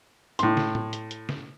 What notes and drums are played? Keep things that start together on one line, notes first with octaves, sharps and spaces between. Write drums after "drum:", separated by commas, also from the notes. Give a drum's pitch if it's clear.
A2 C6, drum: hi-hat
drum: snare
drum: tom
drum: hi-hat
drum: hi-hat
drum: snare